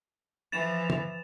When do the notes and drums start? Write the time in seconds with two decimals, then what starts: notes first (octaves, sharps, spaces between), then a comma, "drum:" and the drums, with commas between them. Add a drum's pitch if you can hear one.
0.52 E3 F3 A6 E7 F7
0.90 drum: tom